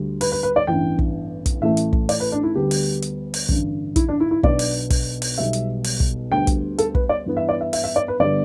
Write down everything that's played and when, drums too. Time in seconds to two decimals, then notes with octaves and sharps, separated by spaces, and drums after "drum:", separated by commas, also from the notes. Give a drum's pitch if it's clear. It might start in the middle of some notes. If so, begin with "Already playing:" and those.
Already playing: D2 D3 G3
0.21 B4, drum: open hi-hat
0.32 B4
0.43 B4
0.56 D5
0.67 A1 G2 E3 B3 D4 G5
0.99 drum: kick
1.46 drum: kick, hi-hat
1.61 A1 A2 E3 A3 E5
1.77 drum: hi-hat
1.93 drum: kick
2.09 D5, drum: open hi-hat
2.20 B4
2.32 D4
2.43 E4
2.55 D2 D3 G3 B3 D4 G4
2.71 drum: open hi-hat
3.02 drum: hi-hat
3.34 drum: open hi-hat
3.49 A1 G2 D3, drum: kick
3.96 E4, drum: kick, hi-hat
4.09 D4
4.20 E4
4.31 E4
4.43 B1 B2 B3 D4 D5, drum: kick
4.59 drum: open hi-hat
4.90 drum: kick, open hi-hat
5.22 drum: open hi-hat
5.37 B1 B2 G3 B3 E5
5.53 drum: hi-hat
5.84 drum: open hi-hat
6.00 drum: kick
6.31 D2 D3 G3 B3 G5
6.47 drum: kick, hi-hat
6.78 A4, drum: hi-hat
6.95 B4, drum: kick
7.09 D5
7.26 G2 E3 B3
7.37 E5
7.49 D5
7.61 E5
7.73 E5, drum: open hi-hat
7.84 E5
7.96 D5
8.08 B4
8.20 G1 G2 D3 G3 B3 D5